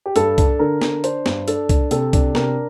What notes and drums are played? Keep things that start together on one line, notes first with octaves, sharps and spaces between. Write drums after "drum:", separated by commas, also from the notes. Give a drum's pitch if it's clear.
G4
G2 A4, drum: hi-hat
D4, drum: kick C2, hi-hat
D3 A#4
D3, drum: snare
D4 C5, drum: hi-hat
G2, drum: snare
D4 A4, drum: hi-hat
D4, drum: kick C2, hi-hat
C3 A4, drum: hi-hat
D4, drum: kick C2, hi-hat
C3 A#4, drum: snare